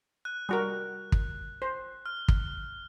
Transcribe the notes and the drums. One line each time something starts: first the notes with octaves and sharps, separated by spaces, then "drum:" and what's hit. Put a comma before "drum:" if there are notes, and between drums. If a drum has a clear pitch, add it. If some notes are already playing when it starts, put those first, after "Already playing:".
F#6
G3 F#4 A#4
drum: kick
C5
F6
drum: kick